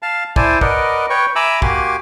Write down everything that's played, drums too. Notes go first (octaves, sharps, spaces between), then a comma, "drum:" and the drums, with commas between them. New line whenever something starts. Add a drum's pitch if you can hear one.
F5 A5
E4 C5 D5 G#5 A5, drum: kick
A#4 B4 D5 D#5 F#5, drum: kick
B4 C#5 G5 C#6
E5 G#5 A#5 B5 D6 E6
A#3 F#4 G4 G#5 C6 D6, drum: kick